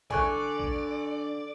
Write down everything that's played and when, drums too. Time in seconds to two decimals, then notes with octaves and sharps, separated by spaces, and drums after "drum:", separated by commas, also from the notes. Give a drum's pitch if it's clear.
0.11 D3 D5 G#5 C#6 F#6, drum: kick A#1
0.59 drum: kick A#1